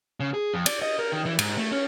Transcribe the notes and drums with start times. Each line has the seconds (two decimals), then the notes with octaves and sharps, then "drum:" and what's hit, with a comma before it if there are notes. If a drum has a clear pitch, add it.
0.20 C#3
0.34 G#4
0.54 F2
0.66 D5, drum: cymbal
0.82 D#5
0.99 A#4
1.12 D#3
1.26 E3
1.39 G#2, drum: cymbal
1.58 A3
1.72 C#4